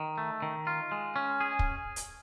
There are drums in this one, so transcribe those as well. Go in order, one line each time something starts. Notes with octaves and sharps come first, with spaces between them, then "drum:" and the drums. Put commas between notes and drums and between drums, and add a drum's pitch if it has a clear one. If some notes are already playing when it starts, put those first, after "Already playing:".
Already playing: D#3
A3
D#3
F4
G#3
C#4
G#4
drum: kick
drum: hi-hat